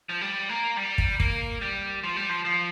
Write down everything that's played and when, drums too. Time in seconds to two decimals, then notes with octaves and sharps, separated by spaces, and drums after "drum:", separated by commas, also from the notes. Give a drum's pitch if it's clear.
0.09 F3
0.21 G3
0.49 A#3
0.77 G3
0.98 drum: kick
1.20 A#3, drum: kick
1.61 G3
2.03 F3
2.16 G3
2.29 F3
2.45 F3